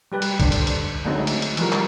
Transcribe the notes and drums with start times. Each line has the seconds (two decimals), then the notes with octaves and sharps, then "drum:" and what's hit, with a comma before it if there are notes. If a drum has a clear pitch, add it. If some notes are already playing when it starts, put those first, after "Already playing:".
0.12 G3 G4 B4
0.22 drum: cymbal
0.40 D3 D4 C5, drum: kick C2, cymbal
0.52 drum: cymbal
0.67 drum: cymbal
1.05 D3 F#3 G#3 A3 C4 D#4
1.27 drum: cymbal
1.42 drum: cymbal
1.57 E3 F3 G3 A#4, drum: cymbal
1.72 drum: clap